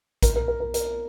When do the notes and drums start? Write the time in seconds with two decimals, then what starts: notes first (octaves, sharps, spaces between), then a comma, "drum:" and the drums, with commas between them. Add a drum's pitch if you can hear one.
0.22 A#4, drum: kick A1, hi-hat
0.36 A#4
0.48 A#4
0.60 A#4
0.74 A#4, drum: hi-hat